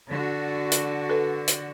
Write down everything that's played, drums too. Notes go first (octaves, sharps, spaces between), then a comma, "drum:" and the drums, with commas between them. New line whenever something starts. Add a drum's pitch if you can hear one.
D3 F#4
drum: hi-hat
A4 B4
drum: hi-hat